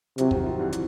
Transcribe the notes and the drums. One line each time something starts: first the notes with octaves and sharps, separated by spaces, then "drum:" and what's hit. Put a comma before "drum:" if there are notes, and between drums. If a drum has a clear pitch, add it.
C3 F#3, drum: hi-hat
D#3 F3, drum: kick
D#3 F3
D3 E3
drum: hi-hat